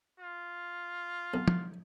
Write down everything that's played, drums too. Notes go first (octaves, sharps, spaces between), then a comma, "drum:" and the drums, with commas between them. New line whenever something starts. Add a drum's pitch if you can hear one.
F4
B1
drum: tom